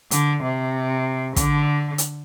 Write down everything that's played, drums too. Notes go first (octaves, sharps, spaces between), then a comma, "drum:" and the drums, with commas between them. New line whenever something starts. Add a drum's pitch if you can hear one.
D3, drum: hi-hat
C3
D3, drum: kick, hi-hat
drum: hi-hat